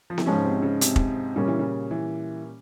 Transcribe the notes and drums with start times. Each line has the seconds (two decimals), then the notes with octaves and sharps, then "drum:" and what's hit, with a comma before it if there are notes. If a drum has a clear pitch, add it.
0.10 F3
0.18 E3, drum: snare B3
0.26 G#2 C#3 F3 G#3 C#4
0.45 C3
0.62 C#3
0.81 C3, drum: hi-hat
0.96 drum: kick
1.36 A#2 C#3 G3 A#3 C#4
1.48 E3
1.59 C#3
1.91 E3